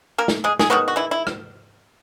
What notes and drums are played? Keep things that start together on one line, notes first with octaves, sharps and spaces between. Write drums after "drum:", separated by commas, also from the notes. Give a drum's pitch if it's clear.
A#3 A#4
drum: snare
G#3 G#4
G#4, drum: snare
D#3 F#3 G#3 B3 F#4
F#4
E3 E4
E4
drum: rim click